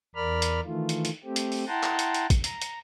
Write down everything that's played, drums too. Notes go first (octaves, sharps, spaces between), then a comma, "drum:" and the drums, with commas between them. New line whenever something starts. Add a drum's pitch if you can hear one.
E2 A#4 D5 B5 F6
drum: hi-hat
D#3 E3 A3 F4
drum: hi-hat
drum: hi-hat
A3 C4 G4
drum: hi-hat
drum: open hi-hat
E4 F#5 G5 A5 A#5 C6
drum: clap
drum: hi-hat
drum: hi-hat
drum: kick, hi-hat
A#5, drum: hi-hat
drum: hi-hat